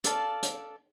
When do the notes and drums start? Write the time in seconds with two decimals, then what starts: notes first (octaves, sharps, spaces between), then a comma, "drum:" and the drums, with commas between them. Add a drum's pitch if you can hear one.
0.04 A4 D5 F5 A5, drum: hi-hat
0.42 drum: hi-hat